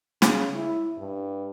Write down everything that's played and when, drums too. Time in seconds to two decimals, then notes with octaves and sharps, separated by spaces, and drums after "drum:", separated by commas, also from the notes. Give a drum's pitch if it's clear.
0.22 C#3, drum: snare
0.55 E4
0.98 G2